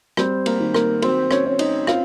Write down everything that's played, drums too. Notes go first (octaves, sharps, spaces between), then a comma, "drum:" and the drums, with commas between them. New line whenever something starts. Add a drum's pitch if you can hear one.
G3 C4 C5, drum: rim click
A#3 A#4, drum: cymbal
D#3
A#3 A#4, drum: rim click
F#3 C4 C5, drum: cymbal
C#4 C#5, drum: rim click
C#4
D#4 D#5, drum: cymbal
C4 F4 F5, drum: rim click